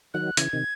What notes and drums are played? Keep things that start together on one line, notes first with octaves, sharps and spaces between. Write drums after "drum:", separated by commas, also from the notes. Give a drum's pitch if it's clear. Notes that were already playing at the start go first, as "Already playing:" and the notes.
D#3 F#3 F#6
C#3 E3 G#6, drum: hi-hat
C3 D#3